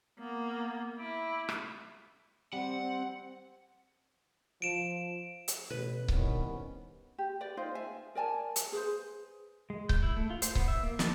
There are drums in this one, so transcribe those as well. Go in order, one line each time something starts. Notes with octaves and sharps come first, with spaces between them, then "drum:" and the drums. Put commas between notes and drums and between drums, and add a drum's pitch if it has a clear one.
A#3 B3
E4 D6
drum: rim click
G3 C4 F#5
C4
F3 D7 E7
drum: hi-hat
A1 B2 B4
C2 D#3 B3 C#4, drum: kick C#1
G4
B4 D5 G5
D#4 F4 C5
E5 G#5
A#4 D5 G#5 A5
drum: hi-hat
G#4 B4 C5
G#3
G6, drum: kick C#1
E4
A3
F4
C5, drum: hi-hat
B3, drum: kick C#1
E5
A#3
A5, drum: snare